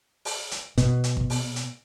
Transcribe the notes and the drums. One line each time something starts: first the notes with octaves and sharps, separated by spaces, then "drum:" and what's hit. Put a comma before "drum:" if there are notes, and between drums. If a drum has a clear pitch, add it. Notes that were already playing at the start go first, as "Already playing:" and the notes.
drum: open hi-hat
drum: hi-hat
B2, drum: kick, hi-hat
drum: hi-hat
drum: kick
drum: open hi-hat
drum: hi-hat